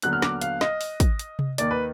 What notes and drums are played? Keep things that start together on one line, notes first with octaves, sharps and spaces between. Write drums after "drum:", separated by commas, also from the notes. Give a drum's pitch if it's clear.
D#2 D3 F#3 B3 F#6, drum: hi-hat
F6
D6, drum: snare
F5, drum: hi-hat
D#5, drum: snare
drum: open hi-hat
drum: kick, hi-hat
drum: hi-hat
drum: tom C3
D#2 D#3 A#3 D5, drum: hi-hat
B4